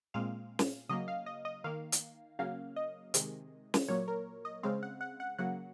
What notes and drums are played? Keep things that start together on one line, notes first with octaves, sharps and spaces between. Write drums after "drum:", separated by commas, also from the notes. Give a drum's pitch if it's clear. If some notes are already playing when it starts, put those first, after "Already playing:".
A#2 G#3 C4 F5
drum: snare
C#3 F#3 A#3 D#5
F5
D#5
D#5
D#3 A#3 F5
drum: hi-hat
C#3 F#3 A#3 F5
D#5
C3 D#3 G#3, drum: hi-hat
drum: snare
A#2 F#3 A#3 C#5
A#4
D#5
C#3 G#3 C4 F5
F#5
F#5
F#5
C#3 F#3 A#3 F#5